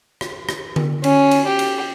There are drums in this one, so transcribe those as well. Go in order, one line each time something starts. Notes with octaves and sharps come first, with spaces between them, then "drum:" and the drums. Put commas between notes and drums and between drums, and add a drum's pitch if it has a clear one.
drum: rim click
drum: rim click
drum: tom D3
C#4, drum: cymbal
drum: cymbal
G4
drum: cymbal